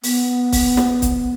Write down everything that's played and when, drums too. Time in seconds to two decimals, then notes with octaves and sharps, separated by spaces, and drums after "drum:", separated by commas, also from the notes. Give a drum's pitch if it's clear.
0.03 B3, drum: open hi-hat
0.52 drum: kick, open hi-hat
0.77 drum: snare
1.02 drum: kick, hi-hat